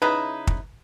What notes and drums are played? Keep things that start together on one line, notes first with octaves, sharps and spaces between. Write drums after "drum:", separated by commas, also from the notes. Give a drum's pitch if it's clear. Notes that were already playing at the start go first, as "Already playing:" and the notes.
C#3 D#4 E4 B4
drum: kick